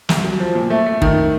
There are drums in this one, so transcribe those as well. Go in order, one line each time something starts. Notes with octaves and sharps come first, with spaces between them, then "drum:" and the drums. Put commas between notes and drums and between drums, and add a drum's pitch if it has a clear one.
C2, drum: snare
F#3
F3
A#2
A3
A3
D#3, drum: kick